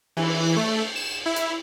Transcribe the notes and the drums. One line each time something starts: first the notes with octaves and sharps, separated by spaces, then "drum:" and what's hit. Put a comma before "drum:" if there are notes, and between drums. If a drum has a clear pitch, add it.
E3, drum: cymbal
A3
E7
E4
drum: hi-hat